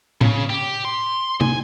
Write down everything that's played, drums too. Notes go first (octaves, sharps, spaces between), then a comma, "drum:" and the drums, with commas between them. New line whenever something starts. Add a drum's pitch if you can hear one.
C#3, drum: tom A2
G4
C6
G#5, drum: tom